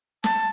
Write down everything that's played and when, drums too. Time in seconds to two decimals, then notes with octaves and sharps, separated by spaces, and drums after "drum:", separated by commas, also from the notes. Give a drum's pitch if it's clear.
0.24 A5, drum: snare